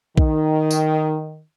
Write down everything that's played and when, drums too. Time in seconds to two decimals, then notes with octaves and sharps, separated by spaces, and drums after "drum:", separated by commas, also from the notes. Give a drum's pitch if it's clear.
0.17 D#3, drum: kick A#1
0.71 drum: tambourine